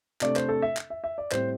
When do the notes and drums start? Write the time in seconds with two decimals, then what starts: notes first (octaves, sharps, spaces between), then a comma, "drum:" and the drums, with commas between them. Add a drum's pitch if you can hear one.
0.21 C3 A3 D4 D5, drum: clap
0.36 C5, drum: clap
0.49 A4
0.62 E5
0.77 drum: clap
0.90 E5
1.04 E5
1.18 D5
1.32 A2 G3 C4 C5, drum: clap